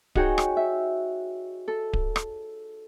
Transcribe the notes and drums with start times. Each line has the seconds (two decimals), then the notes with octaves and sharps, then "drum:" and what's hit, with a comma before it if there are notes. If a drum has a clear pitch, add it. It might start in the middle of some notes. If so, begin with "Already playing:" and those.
0.15 D#4 F#4 G#4 C#5 G5, drum: kick D1
0.38 drum: rim click
0.57 E5
1.68 A4
1.93 drum: kick D1
2.16 drum: rim click